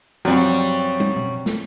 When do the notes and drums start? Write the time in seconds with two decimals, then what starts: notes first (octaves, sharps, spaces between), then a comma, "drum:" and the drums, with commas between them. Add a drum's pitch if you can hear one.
0.25 F#2 F3 G3 C4 C#4 F4
1.00 drum: tom
1.16 drum: tom B2
1.46 drum: snare